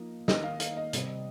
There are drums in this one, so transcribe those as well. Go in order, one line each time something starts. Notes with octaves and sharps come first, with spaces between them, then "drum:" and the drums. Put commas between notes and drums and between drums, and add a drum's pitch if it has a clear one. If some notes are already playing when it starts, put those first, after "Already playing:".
Already playing: F3 A#3 D#4
D#3 A#3 D#4 D#5, drum: snare
F5
F5, drum: hi-hat
D#5
C3 G3 C4, drum: hi-hat